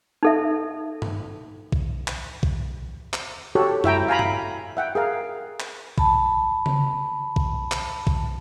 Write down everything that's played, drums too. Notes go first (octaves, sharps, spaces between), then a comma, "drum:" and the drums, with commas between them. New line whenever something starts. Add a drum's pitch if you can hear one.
D#4 A4 E5
drum: tom G2
drum: kick B1
drum: clap
drum: kick B1
drum: clap
F#4 G4 A4 C#5
E4 E5 G5 A#5, drum: tom F#2
F5 G#5 A#5 B5
drum: tom G2
E5 F#5 G5
G#4 A#4 F5
drum: clap
A5 B5, drum: kick B1
drum: tom C#3
drum: kick B1
drum: clap
drum: kick B1